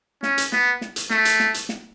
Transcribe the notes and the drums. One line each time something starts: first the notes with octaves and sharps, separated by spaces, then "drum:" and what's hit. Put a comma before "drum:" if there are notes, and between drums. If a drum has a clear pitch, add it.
C#4, drum: snare
drum: hi-hat
B3, drum: snare
drum: snare
drum: hi-hat
A3, drum: snare
drum: hi-hat
drum: snare
drum: hi-hat
drum: snare